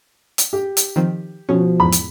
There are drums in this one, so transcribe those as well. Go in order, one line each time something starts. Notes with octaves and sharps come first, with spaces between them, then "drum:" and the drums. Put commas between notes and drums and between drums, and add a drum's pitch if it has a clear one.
drum: hi-hat
G4
drum: hi-hat
D#3 F3 C4
B2 F3 C#4
E2 G#2 B5
drum: hi-hat